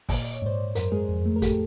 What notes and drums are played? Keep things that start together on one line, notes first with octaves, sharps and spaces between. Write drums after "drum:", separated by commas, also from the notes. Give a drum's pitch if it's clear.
A#2 D#5, drum: kick, open hi-hat
A#2 D5
C#5
G#2 C5 D5
G#2
F#2 A#4 C5, drum: hi-hat
G#3 G#4 A#4
F2
A3
A#4
A2 G4 A4, drum: kick, hi-hat